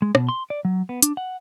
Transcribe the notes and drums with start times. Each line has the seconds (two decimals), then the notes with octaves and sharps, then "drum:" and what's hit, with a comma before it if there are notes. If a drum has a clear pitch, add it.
0.02 G#3
0.15 B2, drum: rim click
0.29 C6
0.50 D5
0.65 F#3
0.89 B3
1.02 D4, drum: hi-hat
1.17 F#5